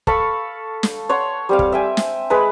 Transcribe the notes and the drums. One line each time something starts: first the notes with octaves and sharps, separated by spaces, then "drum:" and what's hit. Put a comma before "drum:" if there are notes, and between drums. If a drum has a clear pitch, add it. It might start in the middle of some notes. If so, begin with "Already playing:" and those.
A4 F5 B5 C#6, drum: kick
drum: snare
C#5 F#5 C6
G3 C4 F5
drum: kick
E5 G5 G#5
drum: snare
G#3 B4 B5